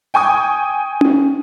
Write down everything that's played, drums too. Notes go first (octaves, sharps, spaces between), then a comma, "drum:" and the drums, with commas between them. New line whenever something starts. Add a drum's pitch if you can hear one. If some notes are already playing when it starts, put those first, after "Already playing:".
G5 G#5 C#6 D#6
drum: tom C#4